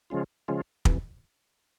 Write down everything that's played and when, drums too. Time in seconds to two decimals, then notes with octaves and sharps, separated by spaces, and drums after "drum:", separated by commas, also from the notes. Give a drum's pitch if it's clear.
0.10 C#3 F3 G#3 C#4 F4
0.48 C#3 F3 G#3 C#4 F4
0.85 F2 C3 E3, drum: kick